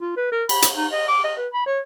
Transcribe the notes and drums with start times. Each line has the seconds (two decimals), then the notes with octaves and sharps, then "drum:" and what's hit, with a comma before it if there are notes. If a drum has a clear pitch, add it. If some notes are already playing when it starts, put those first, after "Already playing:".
0.01 F4
0.17 B4
0.32 A#4
0.49 B5, drum: cymbal
0.62 drum: hi-hat
0.77 D#4
0.92 D#5
1.08 D6
1.24 D#5
1.37 B4
1.53 B5
1.66 C#5